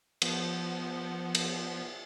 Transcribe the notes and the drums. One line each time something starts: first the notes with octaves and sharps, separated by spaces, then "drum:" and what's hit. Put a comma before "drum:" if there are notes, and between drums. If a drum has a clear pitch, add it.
F3 B3, drum: cymbal
drum: cymbal